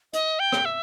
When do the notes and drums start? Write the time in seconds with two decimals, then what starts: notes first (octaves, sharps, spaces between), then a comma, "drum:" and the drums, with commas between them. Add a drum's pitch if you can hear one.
0.13 D#5, drum: hi-hat
0.39 G5
0.52 drum: rim click
0.65 E5